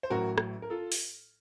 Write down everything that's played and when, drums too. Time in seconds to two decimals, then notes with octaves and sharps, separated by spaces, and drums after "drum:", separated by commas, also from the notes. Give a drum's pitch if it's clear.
0.03 C5
0.10 A1 A2 F#3 F#4 A#4
0.38 drum: rim click
0.62 A#4
0.70 F4 A4
0.92 drum: open hi-hat